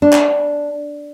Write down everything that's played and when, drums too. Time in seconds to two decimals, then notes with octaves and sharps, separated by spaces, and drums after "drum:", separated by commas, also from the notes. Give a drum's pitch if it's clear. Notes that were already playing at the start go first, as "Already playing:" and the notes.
0.02 D4
0.13 drum: clap